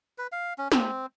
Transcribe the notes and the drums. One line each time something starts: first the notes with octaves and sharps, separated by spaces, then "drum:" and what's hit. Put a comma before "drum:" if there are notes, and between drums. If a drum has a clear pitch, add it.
B4
F5
C#4
C4, drum: snare